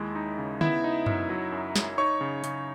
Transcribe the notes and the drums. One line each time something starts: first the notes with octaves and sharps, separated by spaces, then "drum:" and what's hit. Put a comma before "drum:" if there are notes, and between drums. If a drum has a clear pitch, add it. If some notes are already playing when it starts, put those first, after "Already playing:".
Already playing: D#2 G#3 E4
D#4
C#3
B3 E4 E5, drum: tom D3
D#4
F#2, drum: tom F#2
F#3
F#2
F#2, drum: snare
D#4 C#5 C#6
C#3
C#3, drum: hi-hat